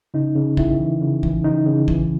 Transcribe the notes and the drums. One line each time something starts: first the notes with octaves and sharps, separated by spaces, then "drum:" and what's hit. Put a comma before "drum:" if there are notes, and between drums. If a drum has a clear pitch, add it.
C#3 D#4
C#3
C#3 E4, drum: kick
E3
C#3
E3, drum: kick
C#3 D#4
C#3
E3, drum: kick